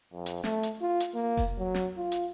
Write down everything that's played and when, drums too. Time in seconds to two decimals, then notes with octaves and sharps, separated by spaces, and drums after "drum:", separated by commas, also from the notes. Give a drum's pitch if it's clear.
0.13 F2
0.26 drum: hi-hat
0.44 A3, drum: snare
0.63 drum: hi-hat
0.82 F4
1.00 drum: hi-hat
1.14 A#3
1.37 drum: kick F1, open hi-hat
1.59 F#3
1.74 drum: snare
1.97 F4
2.12 drum: hi-hat